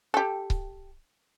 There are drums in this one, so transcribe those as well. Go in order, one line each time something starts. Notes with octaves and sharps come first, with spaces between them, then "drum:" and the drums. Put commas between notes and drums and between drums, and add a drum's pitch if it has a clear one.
G4 A4
drum: kick C#1